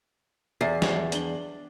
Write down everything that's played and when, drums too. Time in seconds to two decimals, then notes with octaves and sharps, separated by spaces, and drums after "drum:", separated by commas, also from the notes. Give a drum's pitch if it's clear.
0.61 E2 E5 A6 C7
0.82 drum: snare
1.12 D4 F#7 G7, drum: hi-hat